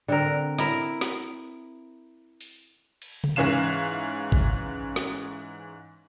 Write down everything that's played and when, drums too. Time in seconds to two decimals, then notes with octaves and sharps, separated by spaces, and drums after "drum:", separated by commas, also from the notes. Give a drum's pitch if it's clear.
0.08 D3 C4 A#4
0.59 E4 A#4 E5, drum: snare
1.01 drum: snare
2.41 drum: open hi-hat
3.02 drum: cymbal
3.24 drum: tom C3
3.36 G#2 E3 C#4 F5 E7
4.32 drum: kick G#1
4.96 drum: snare